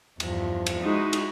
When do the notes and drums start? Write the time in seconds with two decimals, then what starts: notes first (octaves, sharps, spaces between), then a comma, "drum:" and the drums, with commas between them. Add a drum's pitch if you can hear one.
0.20 E2 G2 F3, drum: cymbal
0.66 drum: cymbal
0.81 G#3 D#4 E4 F#4
1.13 drum: cymbal